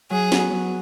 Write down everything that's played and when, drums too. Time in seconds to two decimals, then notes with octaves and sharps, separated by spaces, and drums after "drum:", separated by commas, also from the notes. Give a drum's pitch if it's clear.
0.10 F#3 G#4
0.32 B3 F#4, drum: snare
0.52 F#3